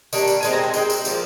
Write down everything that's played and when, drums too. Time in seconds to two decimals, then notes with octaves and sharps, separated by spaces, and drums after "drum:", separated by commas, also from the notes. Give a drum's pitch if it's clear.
0.13 D#3 G3 A#3 D4, drum: tambourine
0.28 drum: tambourine
0.43 D#3 G#3 C4 G#5, drum: tambourine
0.53 A#5
0.64 G#5
0.74 D#3 G#3 C4 G5, drum: tambourine
0.90 drum: tambourine
1.05 A#2 F3 A#3, drum: tambourine